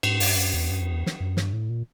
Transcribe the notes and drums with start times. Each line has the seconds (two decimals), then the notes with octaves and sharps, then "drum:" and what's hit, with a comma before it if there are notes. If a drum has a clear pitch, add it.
0.03 G#2, drum: cymbal
0.20 G2, drum: open hi-hat
0.37 F#2
0.54 E2
0.69 F#2
0.81 F2
0.92 E2
1.06 drum: snare
1.20 F#2
1.37 G2, drum: snare
1.53 A2
1.70 A#2